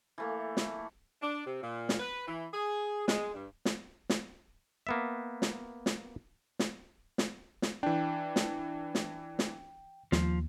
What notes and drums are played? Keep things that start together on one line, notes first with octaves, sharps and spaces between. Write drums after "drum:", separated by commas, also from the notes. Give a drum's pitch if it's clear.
E3 A3 A#3
drum: snare
D4
C3
A#2
drum: snare
B4
E3
G#4
G#3, drum: snare
G2
drum: snare
drum: snare
A#3 B3 E5
drum: snare
drum: snare
drum: snare
drum: snare
drum: snare
E3 D4 G5
drum: snare
drum: snare
drum: snare
D#2 F3, drum: snare